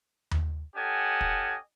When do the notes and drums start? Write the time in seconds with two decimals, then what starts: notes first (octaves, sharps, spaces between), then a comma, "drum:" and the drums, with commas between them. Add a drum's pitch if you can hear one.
0.31 drum: tom D#2
0.76 C#4 G4 A4 D#5 F#5 G#5
1.21 drum: kick